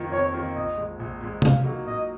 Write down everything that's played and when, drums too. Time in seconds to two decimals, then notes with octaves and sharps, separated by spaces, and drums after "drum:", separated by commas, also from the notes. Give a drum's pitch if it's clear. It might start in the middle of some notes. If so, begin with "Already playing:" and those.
Already playing: F2 D#3 A#3 F4
0.12 F2 C#5
0.34 D#3 A#3 F4
0.55 A#1 D#5
0.77 A#2 G#3
0.99 A#1
1.21 A#2 G#3
1.42 A#2 F5, drum: tom
1.64 F#3 A#3 D#4
1.86 A#2 D#5